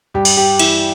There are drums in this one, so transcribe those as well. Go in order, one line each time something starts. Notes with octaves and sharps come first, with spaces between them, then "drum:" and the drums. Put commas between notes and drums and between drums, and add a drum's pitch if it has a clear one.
G2 G4
drum: cymbal
G4
E3 E4, drum: cymbal